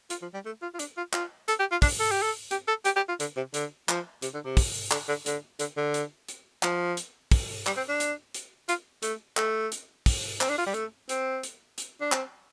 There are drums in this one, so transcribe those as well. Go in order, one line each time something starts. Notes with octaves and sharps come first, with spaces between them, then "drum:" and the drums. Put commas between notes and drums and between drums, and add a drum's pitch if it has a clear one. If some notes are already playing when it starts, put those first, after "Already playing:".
F4, drum: hi-hat
F3
G3
A3
F4
F4
D4, drum: hi-hat
F4
F4, drum: clap
A4, drum: hi-hat
G4
F4
D4, drum: kick, open hi-hat
A4
G4
A4
G4, drum: hi-hat
A4
G4, drum: hi-hat
G4
F4
D3, drum: hi-hat
C3
D3, drum: hi-hat
F3, drum: clap
C3, drum: hi-hat
D3
C3
drum: kick, open hi-hat
D3, drum: clap
D3
D3, drum: hi-hat
D3, drum: hi-hat
D3
drum: hi-hat
drum: hi-hat
F3, drum: clap
drum: hi-hat
drum: kick, open hi-hat
G3, drum: clap
C4
D4
drum: hi-hat
drum: hi-hat
F4, drum: hi-hat
A3, drum: hi-hat
A3, drum: clap
drum: hi-hat
drum: kick, open hi-hat
C4, drum: clap
D4
F4
G3
A3, drum: hi-hat
C4, drum: hi-hat
drum: hi-hat
drum: hi-hat
D4
C4, drum: clap